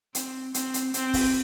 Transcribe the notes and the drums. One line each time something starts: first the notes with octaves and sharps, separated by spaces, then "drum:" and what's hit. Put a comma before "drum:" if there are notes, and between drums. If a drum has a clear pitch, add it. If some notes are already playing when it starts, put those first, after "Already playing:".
C4, drum: hi-hat
C4, drum: hi-hat
drum: hi-hat
C4, drum: hi-hat
drum: kick, open hi-hat